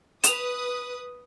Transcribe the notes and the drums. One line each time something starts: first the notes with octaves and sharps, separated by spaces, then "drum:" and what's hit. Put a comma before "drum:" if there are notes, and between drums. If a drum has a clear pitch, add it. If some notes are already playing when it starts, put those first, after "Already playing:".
B4 D#6 E7 F7, drum: hi-hat